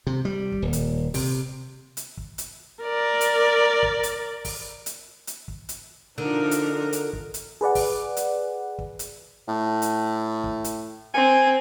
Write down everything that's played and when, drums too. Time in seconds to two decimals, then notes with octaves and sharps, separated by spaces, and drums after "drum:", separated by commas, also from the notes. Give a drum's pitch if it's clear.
0.07 C3
0.25 G3
0.52 drum: kick
0.62 D#1
0.73 drum: hi-hat
1.14 C3, drum: kick, open hi-hat
1.97 drum: hi-hat
2.17 drum: kick
2.38 drum: hi-hat
2.83 A#4 D5
3.21 drum: hi-hat
3.83 drum: kick
4.03 drum: hi-hat
4.45 drum: kick, open hi-hat
4.86 drum: hi-hat
5.27 drum: hi-hat
5.48 drum: kick
5.69 drum: hi-hat
6.18 D3 F3 D4 D#4 A#4
6.51 drum: hi-hat
6.93 drum: hi-hat
7.13 drum: kick
7.34 drum: hi-hat
7.61 G#4 B4 D5 F#5
7.75 drum: kick, open hi-hat
8.17 drum: hi-hat
8.79 drum: kick
8.99 drum: hi-hat
9.48 A2
9.82 drum: hi-hat
10.44 drum: kick
10.64 drum: hi-hat
11.14 C4 G#5